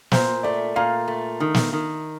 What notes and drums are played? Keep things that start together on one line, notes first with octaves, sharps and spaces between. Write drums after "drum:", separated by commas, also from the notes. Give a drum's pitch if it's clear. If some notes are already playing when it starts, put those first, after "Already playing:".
A#2 C5, drum: snare
A3 D5
A#2 F5
A3
D#3
drum: snare
D#3